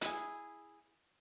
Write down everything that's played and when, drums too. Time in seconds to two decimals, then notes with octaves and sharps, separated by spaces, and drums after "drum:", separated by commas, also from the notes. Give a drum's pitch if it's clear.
0.01 E4 G#4, drum: hi-hat